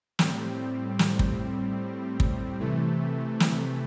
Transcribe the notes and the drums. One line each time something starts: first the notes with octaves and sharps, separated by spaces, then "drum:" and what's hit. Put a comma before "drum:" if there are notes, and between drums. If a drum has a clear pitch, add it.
A2 G3 C4, drum: snare
drum: snare
drum: kick
drum: kick
C3 E3 A3
drum: snare